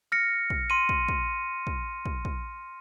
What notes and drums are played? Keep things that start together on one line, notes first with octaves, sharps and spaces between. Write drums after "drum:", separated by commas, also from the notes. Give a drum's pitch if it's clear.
F6 A#6 C#7
drum: kick
C6 D#7
drum: kick
drum: kick
drum: kick
drum: kick
drum: kick